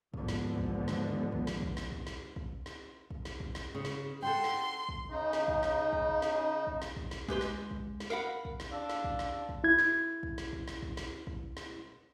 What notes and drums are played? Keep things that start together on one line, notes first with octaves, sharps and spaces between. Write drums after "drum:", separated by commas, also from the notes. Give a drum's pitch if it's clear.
D#2 G#2 D3 E3 F3 B3, drum: kick
drum: snare
drum: kick
drum: snare
drum: kick
drum: snare
drum: kick
drum: snare
drum: kick
drum: snare
drum: kick
drum: snare
drum: kick
drum: snare
drum: kick
drum: snare
C#3
drum: snare
A4 F#5 G5 C6
drum: snare
drum: kick
C#3 D#4
drum: snare
drum: kick
drum: snare
drum: kick
drum: snare
drum: kick
drum: snare
drum: kick
drum: snare
G#3 G4 B4 C6, drum: kick
drum: snare
drum: kick
drum: snare
A#4 F5 F#5 B5
drum: kick
drum: snare
D4 F5 E6
drum: snare
drum: kick
drum: snare
drum: kick
E4 G#6
drum: snare
drum: kick
drum: snare
drum: kick
drum: snare
drum: kick
drum: snare
drum: kick
drum: snare